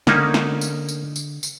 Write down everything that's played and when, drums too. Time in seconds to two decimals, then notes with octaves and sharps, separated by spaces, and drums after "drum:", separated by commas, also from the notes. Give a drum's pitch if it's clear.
0.07 D3 A#3 C#4 D#4, drum: snare
0.34 drum: snare
0.61 drum: tambourine
0.89 drum: tambourine
1.16 drum: tambourine
1.43 drum: tambourine